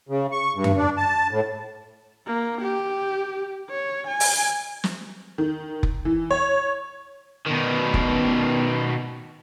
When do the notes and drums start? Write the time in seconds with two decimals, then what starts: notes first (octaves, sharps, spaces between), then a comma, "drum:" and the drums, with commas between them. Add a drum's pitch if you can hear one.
0.09 C#3
0.32 C#6
0.55 G2
0.64 drum: tom F#2
0.78 D4
0.97 A5
1.31 A2
2.26 A#3
2.61 G4
3.70 C#5
4.07 G#5
4.20 drum: open hi-hat
4.84 drum: snare
5.38 D#3
5.83 drum: kick F1
6.05 E3
6.31 C#5
7.46 B2 D#3
7.94 drum: kick F1